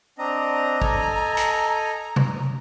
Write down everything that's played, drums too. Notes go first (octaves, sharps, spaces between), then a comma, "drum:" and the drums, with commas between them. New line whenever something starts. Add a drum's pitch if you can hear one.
C4 D4 D#5 A#5
A4 D#5 G#5, drum: kick
drum: hi-hat
drum: tom C3